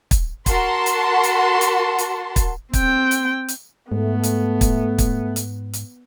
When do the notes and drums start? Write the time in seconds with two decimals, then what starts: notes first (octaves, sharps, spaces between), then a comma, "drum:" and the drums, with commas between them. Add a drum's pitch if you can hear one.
0.11 drum: kick, hi-hat
0.46 F#4 A#4 A5 C6, drum: kick, hi-hat
0.86 drum: hi-hat
1.23 drum: hi-hat
1.61 drum: hi-hat
1.98 drum: hi-hat
2.36 drum: kick, hi-hat
2.73 C4 G5, drum: kick, hi-hat
3.11 drum: hi-hat
3.48 drum: hi-hat
3.92 G#2 A3 B3
4.23 drum: hi-hat
4.61 drum: kick, hi-hat
4.98 drum: kick, hi-hat
5.36 drum: hi-hat
5.73 drum: hi-hat